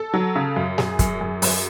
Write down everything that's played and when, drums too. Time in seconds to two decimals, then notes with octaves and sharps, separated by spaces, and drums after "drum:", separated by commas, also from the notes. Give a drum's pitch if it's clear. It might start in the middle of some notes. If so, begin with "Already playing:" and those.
Already playing: A4
0.13 F#3
0.36 C#3
0.56 F#2
0.78 F#2 G#4, drum: snare
0.99 F#2, drum: kick, hi-hat
1.21 F#2
1.42 F#2, drum: open hi-hat